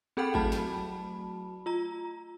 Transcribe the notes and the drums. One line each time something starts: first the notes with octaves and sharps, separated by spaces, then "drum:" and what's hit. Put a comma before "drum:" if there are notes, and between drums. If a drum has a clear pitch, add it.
C4 G#4 A4 F#5 G5 B5
F#3 A3 F#4 A5 B5, drum: kick G#1
drum: snare
F4 A#5